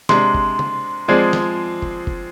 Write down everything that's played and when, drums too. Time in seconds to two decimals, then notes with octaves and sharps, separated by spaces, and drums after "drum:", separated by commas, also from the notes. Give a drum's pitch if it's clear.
0.09 C3 G#3 D4 C6, drum: snare
0.34 drum: kick
0.59 drum: tom C#3
1.08 F3 G#3 C4 G#4 D5
1.33 drum: snare
1.82 drum: kick
2.07 drum: kick